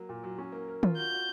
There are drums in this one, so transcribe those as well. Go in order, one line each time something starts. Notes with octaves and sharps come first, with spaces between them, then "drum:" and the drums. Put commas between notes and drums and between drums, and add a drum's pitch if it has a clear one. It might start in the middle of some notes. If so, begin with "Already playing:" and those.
Already playing: F#3 A#3
A#2
F#3
C#4
A#3
A#4
F4, drum: tom D#3
F#4 G6
F#4